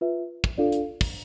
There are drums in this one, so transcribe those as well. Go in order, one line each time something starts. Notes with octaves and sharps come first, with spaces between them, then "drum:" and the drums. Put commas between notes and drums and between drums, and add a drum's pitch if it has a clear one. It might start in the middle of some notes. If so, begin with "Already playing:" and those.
F4 B4 E5
drum: kick
D4 F4 A4 D5 F5
drum: hi-hat
drum: kick, open hi-hat